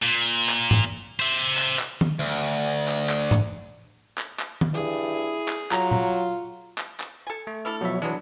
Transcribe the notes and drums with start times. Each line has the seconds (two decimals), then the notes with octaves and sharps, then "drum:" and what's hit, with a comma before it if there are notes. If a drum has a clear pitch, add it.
0.02 A#2
0.49 drum: clap
0.71 drum: tom G#2
1.20 C5 E5
1.58 drum: clap
1.79 drum: clap
2.01 drum: tom D#3
2.19 D2
2.88 drum: clap
3.09 drum: clap
3.31 drum: tom G#2
4.18 drum: clap
4.40 drum: clap
4.61 drum: tom D#3
4.74 G2 E4 G#4
5.48 drum: clap
5.72 F#3 F4 A#5, drum: clap
5.91 drum: tom A#2
6.78 drum: clap
7.00 drum: clap
7.27 A4 G#5
7.47 A3
7.65 D4 E4 A4 F6
7.81 B2 F3 F#3 C#5 E5
8.02 E3 F#3 G#3 B3 D4